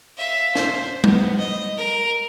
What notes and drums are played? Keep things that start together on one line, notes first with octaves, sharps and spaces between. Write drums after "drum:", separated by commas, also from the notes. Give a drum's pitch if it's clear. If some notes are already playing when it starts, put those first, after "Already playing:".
E5 F5
C5, drum: snare
B3, drum: tom G3
D#5
A#4